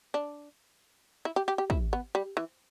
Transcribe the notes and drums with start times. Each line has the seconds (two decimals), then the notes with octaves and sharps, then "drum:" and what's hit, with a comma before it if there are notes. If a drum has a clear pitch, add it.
0.14 D4
1.25 E4
1.36 G4
1.48 G4
1.58 G4
1.70 E4, drum: kick
1.93 B3
2.15 G3
2.37 E3